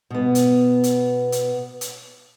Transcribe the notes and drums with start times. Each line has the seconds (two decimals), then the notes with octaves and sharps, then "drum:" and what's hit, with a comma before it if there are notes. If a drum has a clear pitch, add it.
0.10 B2 B3
0.35 drum: hi-hat
0.84 drum: hi-hat
1.32 drum: hi-hat
1.81 drum: hi-hat